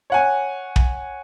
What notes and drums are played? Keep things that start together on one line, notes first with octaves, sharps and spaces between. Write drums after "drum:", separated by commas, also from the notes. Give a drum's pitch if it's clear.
C#5 F#5 G#5
drum: kick